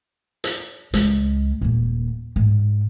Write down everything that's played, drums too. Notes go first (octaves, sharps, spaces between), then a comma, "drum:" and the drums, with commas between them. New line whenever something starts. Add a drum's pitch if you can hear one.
drum: hi-hat
C#2 G#3, drum: hi-hat
D#1 A#3
G#2